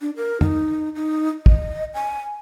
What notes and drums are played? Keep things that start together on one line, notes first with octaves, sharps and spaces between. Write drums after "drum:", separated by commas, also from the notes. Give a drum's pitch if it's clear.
D4
A#4
D#4, drum: tom
D#4
D#5, drum: kick
G#5